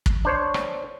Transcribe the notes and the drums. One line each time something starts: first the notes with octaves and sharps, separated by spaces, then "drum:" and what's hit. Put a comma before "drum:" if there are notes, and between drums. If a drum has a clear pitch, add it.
drum: kick
D4 C5 C#5
drum: rim click